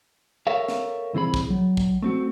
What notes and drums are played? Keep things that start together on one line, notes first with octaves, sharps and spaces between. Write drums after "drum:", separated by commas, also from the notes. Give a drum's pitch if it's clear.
A4 A#4 C#5 E5 F5
drum: snare
C2 E3 C4 G#4 B5
drum: kick
F#3
drum: kick
A3 C4 F#4